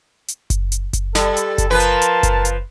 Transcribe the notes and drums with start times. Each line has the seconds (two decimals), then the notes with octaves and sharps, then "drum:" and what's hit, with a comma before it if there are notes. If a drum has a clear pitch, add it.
0.28 drum: hi-hat
0.50 drum: kick F#1, hi-hat
0.72 drum: hi-hat
0.93 drum: kick F#1, hi-hat
1.15 G3 A4, drum: snare
1.37 drum: hi-hat
1.58 drum: kick F#1, hi-hat
1.70 F3 A#4 B4 F5 A5
1.80 drum: hi-hat
2.01 drum: hi-hat
2.23 drum: kick F#1, hi-hat
2.45 drum: hi-hat